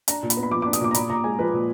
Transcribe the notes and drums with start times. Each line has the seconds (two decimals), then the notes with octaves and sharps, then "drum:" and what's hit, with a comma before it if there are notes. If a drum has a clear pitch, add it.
0.08 D4 A#5, drum: hi-hat
0.23 A#2
0.30 B5, drum: hi-hat
0.37 B3
0.43 B5
0.51 F3 D6
0.62 D6
0.66 D4
0.73 D#6, drum: hi-hat
0.81 A#2 D6
0.91 A#5
0.94 A#2 B5, drum: hi-hat
1.10 A#2 A#5
1.24 G#3 G#5
1.39 F3 B4
1.53 A#2